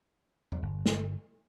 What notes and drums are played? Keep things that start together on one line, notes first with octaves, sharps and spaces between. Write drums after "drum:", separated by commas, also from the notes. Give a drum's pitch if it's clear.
drum: tom E2
G1
drum: snare